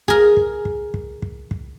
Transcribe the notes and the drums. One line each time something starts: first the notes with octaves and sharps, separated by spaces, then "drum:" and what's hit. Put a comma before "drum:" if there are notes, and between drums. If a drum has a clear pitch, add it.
G#4 A#4, drum: kick
drum: kick
drum: kick
drum: kick
drum: kick
drum: kick